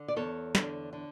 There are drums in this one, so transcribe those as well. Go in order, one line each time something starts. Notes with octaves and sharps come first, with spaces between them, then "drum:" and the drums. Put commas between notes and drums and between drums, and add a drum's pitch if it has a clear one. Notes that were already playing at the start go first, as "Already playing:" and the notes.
Already playing: D3
D5
E2 A4 C#5
D3, drum: snare
D3